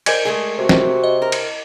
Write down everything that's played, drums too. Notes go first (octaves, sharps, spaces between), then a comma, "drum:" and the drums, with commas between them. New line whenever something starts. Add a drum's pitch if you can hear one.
A#4 C5 D5 D#5 G#5 G#6, drum: cymbal
G#3 A3 G#4
C3 F#4
drum: snare
D#5
A#4
drum: cymbal